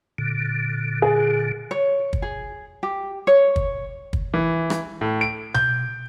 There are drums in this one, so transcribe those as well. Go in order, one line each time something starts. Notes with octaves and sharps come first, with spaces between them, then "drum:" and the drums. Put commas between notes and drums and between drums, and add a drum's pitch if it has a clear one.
A#2 D3
G#4
C#5
drum: kick
G#4
G4
C#5
drum: kick
drum: kick
E3
drum: rim click
A2
D7
G6, drum: tom B2